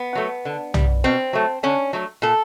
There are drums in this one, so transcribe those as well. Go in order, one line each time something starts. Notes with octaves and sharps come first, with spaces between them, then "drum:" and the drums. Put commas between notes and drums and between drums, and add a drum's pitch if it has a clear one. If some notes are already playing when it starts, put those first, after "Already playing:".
Already playing: B3
F#3 A3
D3
G3, drum: tom
B2 C4
F#3 A3
D3 C#4
F#3 A3
A#2 A4